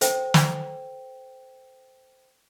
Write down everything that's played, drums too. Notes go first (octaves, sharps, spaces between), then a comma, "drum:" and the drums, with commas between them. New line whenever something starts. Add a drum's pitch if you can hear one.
A4 C5 G5, drum: hi-hat
drum: snare